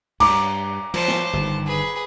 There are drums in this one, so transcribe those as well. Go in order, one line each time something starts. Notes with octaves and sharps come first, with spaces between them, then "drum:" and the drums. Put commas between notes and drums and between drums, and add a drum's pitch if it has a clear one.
G2 A#5 D6, drum: cymbal
F3 C5 A5, drum: cymbal
drum: snare
G1 D#3
G#4 B4